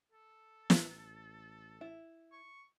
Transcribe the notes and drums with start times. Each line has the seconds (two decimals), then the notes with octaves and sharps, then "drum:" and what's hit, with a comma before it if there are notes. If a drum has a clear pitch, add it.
0.12 A4
0.70 A1, drum: snare
1.81 E4
2.33 C#6